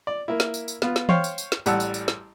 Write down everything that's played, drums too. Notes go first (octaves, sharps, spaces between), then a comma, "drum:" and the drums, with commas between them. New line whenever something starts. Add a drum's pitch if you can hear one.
D5
A#3 E4
drum: snare
drum: tambourine
drum: tambourine
B3 F4, drum: snare
drum: snare
C5 C#5 F5 G5, drum: tom E3
drum: tambourine
drum: tambourine
drum: snare
A1 G3 F#5 A5 E6, drum: tambourine
drum: tambourine
drum: tambourine
drum: snare